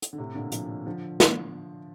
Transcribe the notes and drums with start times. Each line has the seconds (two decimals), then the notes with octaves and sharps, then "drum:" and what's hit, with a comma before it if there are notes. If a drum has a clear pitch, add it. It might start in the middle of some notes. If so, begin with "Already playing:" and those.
0.02 drum: hi-hat
0.13 D3
0.18 A2 C3
0.35 A#2 D3
0.52 D3 F3, drum: hi-hat
0.86 D3 F3
1.20 drum: snare